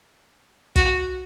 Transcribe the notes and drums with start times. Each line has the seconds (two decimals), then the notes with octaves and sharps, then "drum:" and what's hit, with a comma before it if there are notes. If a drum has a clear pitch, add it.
0.76 F#4, drum: kick, hi-hat